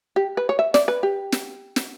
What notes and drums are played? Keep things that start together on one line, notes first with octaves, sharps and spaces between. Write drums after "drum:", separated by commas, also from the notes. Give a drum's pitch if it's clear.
G4
B4
C#5
E5
D5, drum: snare
B4
G4
drum: snare
drum: snare